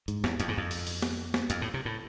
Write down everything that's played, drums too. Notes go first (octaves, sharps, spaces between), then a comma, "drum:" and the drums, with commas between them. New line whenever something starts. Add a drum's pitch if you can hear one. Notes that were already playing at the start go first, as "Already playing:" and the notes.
G#2, drum: hi-hat
E2, drum: snare
F2, drum: hi-hat
G#2
F2
drum: open hi-hat
drum: open hi-hat
drum: snare
drum: snare
F2, drum: hi-hat
A2
C3
A2